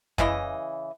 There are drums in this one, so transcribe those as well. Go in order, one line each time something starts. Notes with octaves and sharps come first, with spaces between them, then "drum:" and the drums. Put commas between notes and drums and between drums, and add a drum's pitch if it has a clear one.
C#3 E3 E4 D#5, drum: kick F2